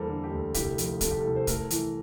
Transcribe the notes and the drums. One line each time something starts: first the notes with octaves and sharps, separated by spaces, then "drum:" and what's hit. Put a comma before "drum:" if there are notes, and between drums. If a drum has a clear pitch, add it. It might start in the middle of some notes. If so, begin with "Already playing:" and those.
Already playing: E2 G3 A#3 A4 A#4 C5
D3
G4
D2
C2 G4, drum: kick, hi-hat
F3, drum: hi-hat
C3 A4, drum: kick, hi-hat
G4
C2 A4
C5
A3 A#4, drum: kick, hi-hat
E3, drum: hi-hat